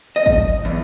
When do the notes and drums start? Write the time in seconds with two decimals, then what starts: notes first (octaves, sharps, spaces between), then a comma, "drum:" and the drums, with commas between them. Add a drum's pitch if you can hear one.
0.16 D#5
0.26 drum: kick
0.65 E2